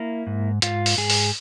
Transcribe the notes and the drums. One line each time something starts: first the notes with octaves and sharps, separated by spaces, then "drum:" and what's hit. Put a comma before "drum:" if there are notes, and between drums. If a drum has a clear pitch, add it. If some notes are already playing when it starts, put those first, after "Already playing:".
Already playing: A#3 E4
G#2
G#2 F4, drum: hi-hat
drum: open hi-hat
G#2 G#4
drum: open hi-hat